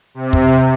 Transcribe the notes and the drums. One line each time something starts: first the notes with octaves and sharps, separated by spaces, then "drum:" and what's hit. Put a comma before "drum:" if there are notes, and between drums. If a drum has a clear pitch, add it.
C3
drum: kick